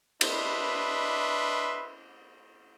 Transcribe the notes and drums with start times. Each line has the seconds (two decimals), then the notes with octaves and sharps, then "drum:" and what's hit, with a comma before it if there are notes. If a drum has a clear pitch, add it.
0.21 D4 B4 D#5 E5 B5 C6, drum: cymbal